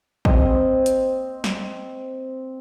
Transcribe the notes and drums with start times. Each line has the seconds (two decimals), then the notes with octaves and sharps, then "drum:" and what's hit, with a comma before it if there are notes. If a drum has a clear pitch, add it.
0.25 C4 D#5, drum: kick
0.86 drum: hi-hat
1.44 drum: snare